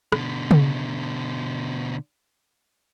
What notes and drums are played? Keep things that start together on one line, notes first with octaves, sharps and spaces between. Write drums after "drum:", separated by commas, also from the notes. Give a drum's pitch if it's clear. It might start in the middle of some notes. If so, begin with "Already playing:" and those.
B2 D3, drum: rim click
drum: tom C#3